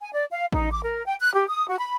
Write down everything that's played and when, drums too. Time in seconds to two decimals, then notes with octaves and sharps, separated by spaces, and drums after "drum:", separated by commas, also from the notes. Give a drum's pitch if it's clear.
0.01 G#5
0.14 D5
0.31 F5
0.52 D#4, drum: kick A1
0.72 D6
0.84 A#4
1.05 G5
1.20 F#6
1.34 G4
1.49 D#6
1.68 F#4
1.80 B5